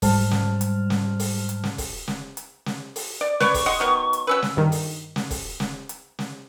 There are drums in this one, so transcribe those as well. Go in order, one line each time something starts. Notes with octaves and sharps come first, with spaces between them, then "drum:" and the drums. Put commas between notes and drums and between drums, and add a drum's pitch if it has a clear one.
G#2 F#3 G3 C5 A5 F6, drum: kick, open hi-hat
drum: snare
drum: hi-hat
drum: snare
drum: open hi-hat
drum: hi-hat
drum: snare
drum: kick, open hi-hat
drum: snare
drum: hi-hat
drum: snare
drum: open hi-hat
D5
B4 C#5 D5 C#6, drum: snare
drum: kick, open hi-hat
D#5 F#5 C6
D#3 F#3 B3
drum: hi-hat
F#3 C#4 B4 E6
drum: snare
G2 D#3
drum: open hi-hat
drum: snare
drum: kick, open hi-hat
drum: snare
drum: hi-hat
drum: snare